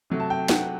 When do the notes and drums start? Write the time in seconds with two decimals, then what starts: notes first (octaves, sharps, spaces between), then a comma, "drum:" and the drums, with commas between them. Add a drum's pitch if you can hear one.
0.10 C3 F#3 A3
0.20 A5
0.30 G5
0.49 F#5, drum: snare